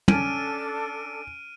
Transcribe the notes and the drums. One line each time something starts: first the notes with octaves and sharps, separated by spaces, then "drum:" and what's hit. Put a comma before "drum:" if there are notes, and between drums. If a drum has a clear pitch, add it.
C#4 D4 A4 F6 D7 D#7, drum: tom